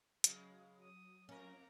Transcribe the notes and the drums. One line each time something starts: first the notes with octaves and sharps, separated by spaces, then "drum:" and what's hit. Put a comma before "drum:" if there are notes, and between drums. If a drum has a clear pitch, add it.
C#3 F#3 G#3, drum: hi-hat
D#6
F2 A#3 C#4 A#4 A#5